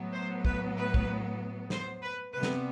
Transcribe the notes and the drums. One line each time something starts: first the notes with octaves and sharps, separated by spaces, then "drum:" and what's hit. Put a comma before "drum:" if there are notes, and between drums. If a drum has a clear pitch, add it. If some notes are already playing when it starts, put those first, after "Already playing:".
Already playing: A2 F#3 B3
C5
B4, drum: kick
B4
drum: kick
C5, drum: snare
B4
C3 G3 B3 B4
drum: snare